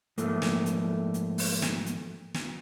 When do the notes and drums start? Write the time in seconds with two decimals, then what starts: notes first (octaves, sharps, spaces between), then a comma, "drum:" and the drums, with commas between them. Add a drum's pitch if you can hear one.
0.18 G#2 F3 A3 A#3, drum: hi-hat
0.42 drum: snare
0.66 drum: hi-hat
1.14 drum: hi-hat
1.38 drum: open hi-hat
1.62 drum: snare
1.86 drum: hi-hat
2.34 drum: snare